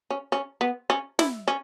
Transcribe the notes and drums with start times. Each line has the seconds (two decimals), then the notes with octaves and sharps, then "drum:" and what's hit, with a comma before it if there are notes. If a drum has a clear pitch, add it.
0.10 C#4
0.32 C#4
0.61 B3
0.90 C#4
1.19 E4, drum: snare
1.48 C#4